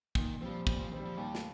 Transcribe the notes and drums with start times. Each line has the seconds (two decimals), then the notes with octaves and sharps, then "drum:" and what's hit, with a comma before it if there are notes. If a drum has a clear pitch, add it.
0.15 A#2 D#3, drum: kick
0.41 F3 G3 C4
0.67 A#2 F3, drum: kick
0.79 F3
0.92 D#3 G3 C4
1.05 F3
1.17 D#2 G3
1.35 drum: snare